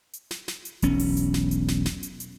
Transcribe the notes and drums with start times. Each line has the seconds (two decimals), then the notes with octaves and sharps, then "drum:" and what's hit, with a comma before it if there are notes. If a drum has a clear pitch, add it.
0.13 drum: hi-hat
0.31 drum: snare
0.48 drum: snare
0.65 drum: hi-hat
0.82 E1 B1 C#4, drum: hi-hat
1.00 drum: open hi-hat
1.17 drum: hi-hat
1.34 drum: snare
1.51 drum: hi-hat
1.68 drum: snare
1.86 drum: snare
2.03 drum: hi-hat
2.20 drum: hi-hat